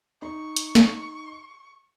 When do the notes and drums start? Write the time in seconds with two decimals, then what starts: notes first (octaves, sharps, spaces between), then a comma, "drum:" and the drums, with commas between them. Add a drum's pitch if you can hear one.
0.22 D#4 C#6
0.56 drum: hi-hat
0.75 drum: snare